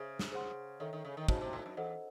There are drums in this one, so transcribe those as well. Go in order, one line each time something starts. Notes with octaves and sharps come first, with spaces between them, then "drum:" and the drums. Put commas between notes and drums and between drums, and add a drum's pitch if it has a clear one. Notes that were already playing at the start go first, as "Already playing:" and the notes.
Already playing: C#3 G#4 C5 E5
drum: snare
G#4 C5 F#5 C6
D#3 A4 C#5 E5
D#3
C#3
D#3
C#3 D#4 F#4 C5 D#5 A5, drum: kick
C3
A2
F#2
E2 A4 C5 D#5 F#5